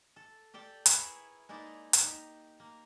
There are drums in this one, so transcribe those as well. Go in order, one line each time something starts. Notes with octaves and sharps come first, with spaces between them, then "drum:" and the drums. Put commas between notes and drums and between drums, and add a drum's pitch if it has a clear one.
A4
G4 A4 D5 G5
E4 G#4 A#4 B4 C#5 E5, drum: hi-hat
G#3 A#3 D#4 E4 D5
drum: hi-hat
D#4 G4
A#3